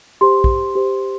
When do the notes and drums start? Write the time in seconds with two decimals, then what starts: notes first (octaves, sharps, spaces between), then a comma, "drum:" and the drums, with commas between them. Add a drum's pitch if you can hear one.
0.21 G4 C5 C6
0.44 drum: kick A#1
0.75 G4 C5